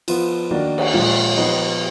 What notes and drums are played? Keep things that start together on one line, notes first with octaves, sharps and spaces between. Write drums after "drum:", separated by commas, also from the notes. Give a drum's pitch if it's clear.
F3 B3 F4, drum: cymbal
D#3 A#3 D4 F#4
drum: cymbal
A#2 F3 G#3
F3 B3 D#4